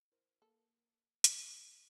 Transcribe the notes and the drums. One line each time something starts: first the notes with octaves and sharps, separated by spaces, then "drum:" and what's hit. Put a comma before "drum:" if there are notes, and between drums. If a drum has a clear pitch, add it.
E4 A#4 C5
A#3 A4
E4 C5, drum: hi-hat